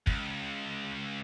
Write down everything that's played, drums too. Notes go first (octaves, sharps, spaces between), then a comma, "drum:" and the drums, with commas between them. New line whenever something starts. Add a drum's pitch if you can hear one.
C#2, drum: kick